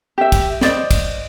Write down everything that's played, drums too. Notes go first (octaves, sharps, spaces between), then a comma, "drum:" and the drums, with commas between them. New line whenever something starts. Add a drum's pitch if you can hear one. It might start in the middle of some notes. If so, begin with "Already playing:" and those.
G4 E5
drum: kick, cymbal
C5 D5 D#5, drum: snare
drum: kick, cymbal